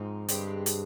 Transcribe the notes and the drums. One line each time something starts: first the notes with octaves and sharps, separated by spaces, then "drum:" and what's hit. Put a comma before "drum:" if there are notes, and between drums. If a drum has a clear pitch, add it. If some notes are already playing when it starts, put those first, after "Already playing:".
Already playing: G#2 F3 C4 D#4
G2 D3 G#3 C4 G4, drum: hi-hat
drum: hi-hat